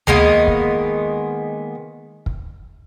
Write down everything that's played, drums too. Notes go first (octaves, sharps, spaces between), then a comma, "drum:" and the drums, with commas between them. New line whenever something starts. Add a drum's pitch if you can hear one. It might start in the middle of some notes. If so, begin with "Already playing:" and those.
D#3 G#3 A#3 B3, drum: tom D2
drum: kick
drum: kick